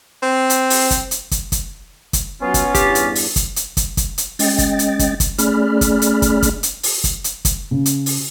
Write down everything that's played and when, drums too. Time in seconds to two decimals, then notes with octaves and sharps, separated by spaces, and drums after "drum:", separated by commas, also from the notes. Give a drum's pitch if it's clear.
0.23 C4
0.50 drum: hi-hat
0.70 drum: open hi-hat
0.91 drum: kick, hi-hat
1.11 drum: hi-hat
1.31 drum: kick, hi-hat
1.52 drum: kick, hi-hat
2.13 drum: kick, hi-hat
2.42 F#3 B3 C#4 F4
2.54 drum: kick, hi-hat
2.75 E2 G2 G4, drum: kick, hi-hat
2.95 drum: hi-hat
3.15 drum: open hi-hat
3.36 drum: kick, hi-hat
3.56 drum: hi-hat
3.77 drum: kick, hi-hat
3.97 drum: kick, hi-hat
4.18 drum: hi-hat
4.39 G#3 C#4 D#5 G5 A6, drum: open hi-hat
4.59 drum: kick, hi-hat
4.79 drum: hi-hat
4.99 drum: kick, hi-hat
5.20 drum: kick, hi-hat
5.38 A3 C#4 G#4 D5 B5 F6, drum: hi-hat
5.81 drum: kick, hi-hat
6.02 drum: hi-hat
6.22 drum: kick, hi-hat
6.42 drum: kick, hi-hat
6.63 drum: hi-hat
6.83 drum: open hi-hat
7.04 drum: kick, hi-hat
7.24 drum: hi-hat
7.45 drum: kick, hi-hat
7.71 C#3
7.86 drum: hi-hat
8.06 drum: open hi-hat